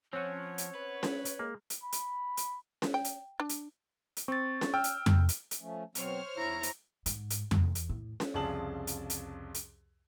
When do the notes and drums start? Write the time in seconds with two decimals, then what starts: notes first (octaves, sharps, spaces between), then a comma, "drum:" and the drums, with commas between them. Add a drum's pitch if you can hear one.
0.13 F3 C4 C#4 C#5 F#5 G#5 C#6
0.58 drum: hi-hat
0.75 B4
1.03 drum: snare C#4
1.25 drum: hi-hat
1.39 G#3 A#3
1.70 drum: hi-hat
1.83 B5
1.92 drum: hi-hat
2.37 drum: hi-hat
2.82 drum: snare C#4
2.94 G5
3.04 drum: hi-hat
3.40 D4
3.49 drum: hi-hat
4.17 drum: hi-hat
4.28 C4 C#6 A6
4.61 drum: snare C#4
4.74 G5 E6 F6
4.84 drum: hi-hat
5.06 drum: tom F2
5.29 drum: hi-hat
5.51 drum: hi-hat
5.60 F3 A3 C#4
5.95 B2 F#3 C4 C5 C#5 F6, drum: hi-hat
6.36 E2 E4 A#5
6.63 drum: hi-hat
7.06 G#2, drum: hi-hat
7.30 drum: hi-hat
7.51 E2, drum: tom F2
7.75 drum: hi-hat
7.89 A2
8.20 drum: snare C#4
8.34 C2 F2 C#3 G#4 A5 F#7
8.87 drum: hi-hat
9.10 drum: hi-hat
9.54 drum: hi-hat